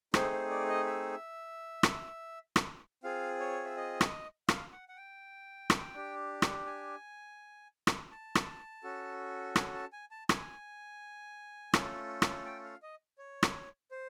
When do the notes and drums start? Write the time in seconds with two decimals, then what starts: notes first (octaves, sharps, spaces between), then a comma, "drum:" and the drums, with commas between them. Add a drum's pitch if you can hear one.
0.14 A3 C4 D#4 G#4 C5, drum: rim click
0.32 C5
0.50 D5
0.69 D#5
0.87 E5
1.83 drum: rim click
2.56 drum: rim click
3.03 C4 F4 G#4 F5
3.40 C#5
3.65 E5
3.77 D#5
4.01 drum: rim click
4.48 F5, drum: rim click
4.72 F#5
4.89 F#5
4.97 G5
5.70 drum: rim click
5.94 D4 G4
6.42 drum: rim click
6.66 G#5
7.87 drum: rim click
8.11 A5
8.35 drum: rim click
8.83 C#4 F#4 A4
9.56 G#5, drum: rim click
9.74 A5
9.93 G#5
10.11 A5
10.29 G#5, drum: rim click
11.73 A3 C#4 F4 A4, drum: rim click
12.22 drum: rim click
12.45 G5
12.64 F5
12.83 D#5
13.18 C#5
13.43 drum: rim click
13.91 C5